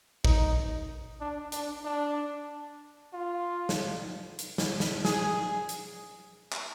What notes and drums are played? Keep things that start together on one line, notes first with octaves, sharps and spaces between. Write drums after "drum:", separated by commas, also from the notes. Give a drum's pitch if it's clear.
D#4, drum: kick A1
D4
D4, drum: hi-hat
D4
F4
drum: snare
drum: hi-hat
drum: snare
drum: snare
G#4, drum: snare
drum: hi-hat
drum: clap